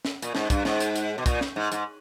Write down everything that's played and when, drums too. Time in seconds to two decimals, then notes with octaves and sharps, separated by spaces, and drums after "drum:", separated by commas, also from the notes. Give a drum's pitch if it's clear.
0.05 drum: snare
0.22 A#2, drum: hi-hat
0.35 G#2, drum: snare
0.50 G2, drum: kick, hi-hat
0.65 G#2, drum: snare
0.80 drum: hi-hat
0.96 drum: hi-hat
1.18 B2
1.26 A#2, drum: kick, hi-hat
1.41 drum: snare
1.56 G#2
1.72 G#2, drum: hi-hat